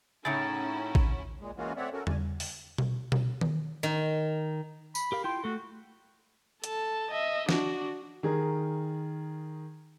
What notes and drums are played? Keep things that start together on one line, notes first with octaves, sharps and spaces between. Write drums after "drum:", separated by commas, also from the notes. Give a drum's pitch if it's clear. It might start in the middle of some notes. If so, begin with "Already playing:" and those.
A2 C#3 C#4 D#4 E4 F#4 A6
drum: kick A1
A#2 G#3
E3 G#3 A#3 C#4 F4 F#4
A3 C4 C#5 D5 E5 F#5
C#4 F#4 A4 A#4
D5 G#5, drum: tom E2
drum: open hi-hat
drum: tom B2
drum: tom B2
drum: tom D#3
D#3
B5, drum: tambourine
G4 A#4 F5
E4 F4 G5 C6
A3 F#4 A4
A4 A5, drum: hi-hat
D#5 E5
D4 F#4, drum: snare
D#3 G#4 A#4